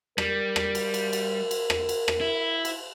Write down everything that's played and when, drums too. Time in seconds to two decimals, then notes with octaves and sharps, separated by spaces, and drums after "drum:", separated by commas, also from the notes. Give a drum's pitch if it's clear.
0.18 G3 A#4, drum: rim click
0.56 drum: rim click
0.75 drum: cymbal
0.94 drum: cymbal
1.13 drum: cymbal
1.51 drum: cymbal
1.70 drum: rim click
1.89 drum: cymbal
2.08 drum: rim click
2.21 E4
2.65 drum: cymbal